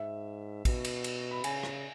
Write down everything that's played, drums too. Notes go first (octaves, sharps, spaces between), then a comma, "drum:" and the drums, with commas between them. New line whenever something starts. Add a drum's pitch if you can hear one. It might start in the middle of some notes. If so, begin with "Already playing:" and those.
Already playing: G#2 E5
B2, drum: kick, cymbal
drum: cymbal
drum: cymbal
B5
C#3 G#5, drum: cymbal
drum: rim click